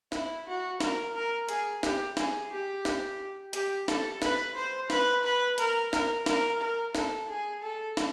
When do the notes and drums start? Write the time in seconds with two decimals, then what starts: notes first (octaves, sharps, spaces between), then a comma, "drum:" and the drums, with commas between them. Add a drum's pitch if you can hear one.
0.12 E4, drum: snare
0.47 F#4
0.80 A#4, drum: snare
1.15 A#4
1.49 G#4, drum: hi-hat
1.83 G4, drum: snare
2.17 G#4, drum: snare
2.51 G4
2.85 drum: snare
3.53 G4, drum: hi-hat
3.88 A4, drum: snare
4.22 B4, drum: snare
4.55 C5
4.90 B4, drum: snare
5.24 B4
5.58 A#4, drum: hi-hat
5.93 A#4, drum: snare
6.26 A#4, drum: snare
6.61 A#4
6.95 A4, drum: snare
7.29 G#4
7.62 A4
7.97 drum: snare